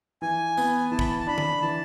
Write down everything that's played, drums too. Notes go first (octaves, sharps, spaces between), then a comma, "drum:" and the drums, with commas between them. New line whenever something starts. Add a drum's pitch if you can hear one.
E3 G#5
B3, drum: tambourine
E3 A5
B5, drum: kick
A5
A5
D4 B5
drum: tom D3
E3 A5